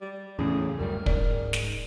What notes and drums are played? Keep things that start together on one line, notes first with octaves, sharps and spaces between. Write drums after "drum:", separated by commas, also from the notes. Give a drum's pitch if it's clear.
G3
E2 A2 C#3 C#4 G#4
D1 F#2 G3 A#4
G#2 D5, drum: kick
drum: snare